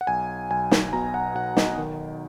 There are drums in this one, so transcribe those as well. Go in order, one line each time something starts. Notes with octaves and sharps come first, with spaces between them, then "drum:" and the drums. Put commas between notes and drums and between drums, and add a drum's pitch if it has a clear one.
F#5
B1 G#5
B1 G#5
drum: snare
B2 A#5
F#5
B1 F#5
D#5, drum: snare
D#3